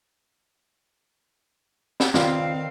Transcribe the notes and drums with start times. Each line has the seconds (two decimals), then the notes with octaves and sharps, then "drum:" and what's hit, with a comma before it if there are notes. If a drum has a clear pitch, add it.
2.00 drum: snare
2.14 D#3 C4 F4 B4 D5 F5, drum: snare